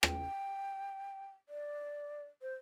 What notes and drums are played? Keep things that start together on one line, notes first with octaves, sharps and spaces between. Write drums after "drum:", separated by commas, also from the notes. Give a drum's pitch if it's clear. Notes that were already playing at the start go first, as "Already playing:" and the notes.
G5, drum: rim click
D5
C5